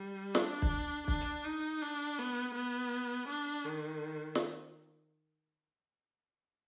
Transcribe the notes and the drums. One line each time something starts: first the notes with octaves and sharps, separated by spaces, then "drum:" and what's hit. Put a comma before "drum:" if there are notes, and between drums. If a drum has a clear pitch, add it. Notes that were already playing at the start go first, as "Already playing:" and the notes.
Already playing: G3
D4, drum: snare
drum: kick
D4, drum: kick
drum: hi-hat
D#4
D4
B3
B3
D4
D#3
drum: snare